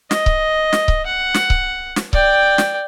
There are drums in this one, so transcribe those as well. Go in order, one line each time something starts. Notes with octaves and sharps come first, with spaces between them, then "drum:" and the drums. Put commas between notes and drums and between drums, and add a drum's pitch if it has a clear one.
D#5, drum: snare
drum: kick C#1
drum: snare
drum: kick C#1
F#5
drum: snare
drum: kick C#1
drum: snare
D5 G5, drum: kick C#1
drum: snare